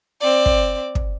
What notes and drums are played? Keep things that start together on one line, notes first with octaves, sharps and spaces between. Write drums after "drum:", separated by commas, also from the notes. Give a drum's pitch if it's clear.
C4 D5
drum: kick
drum: kick